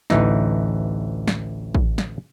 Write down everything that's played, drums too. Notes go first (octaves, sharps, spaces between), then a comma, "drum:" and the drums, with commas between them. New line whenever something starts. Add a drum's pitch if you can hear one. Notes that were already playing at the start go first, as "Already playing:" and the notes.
A1 D2 E3 D#4, drum: snare
drum: snare
drum: kick
drum: snare